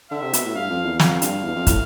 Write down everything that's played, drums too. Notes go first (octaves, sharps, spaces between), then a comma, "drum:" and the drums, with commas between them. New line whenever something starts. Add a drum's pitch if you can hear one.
D3 E5
C3
B2, drum: hi-hat
A2
G2 F5
F2
E2
F2 F5, drum: snare
G2, drum: hi-hat
E2
F2
A2, drum: kick, hi-hat